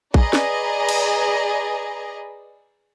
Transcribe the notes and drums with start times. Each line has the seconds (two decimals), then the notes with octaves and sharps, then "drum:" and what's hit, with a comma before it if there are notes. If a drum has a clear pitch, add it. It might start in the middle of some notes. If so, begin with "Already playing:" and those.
0.14 G#4 B4 D5 D#5 A#5, drum: kick A#1
0.33 drum: snare
0.89 drum: cymbal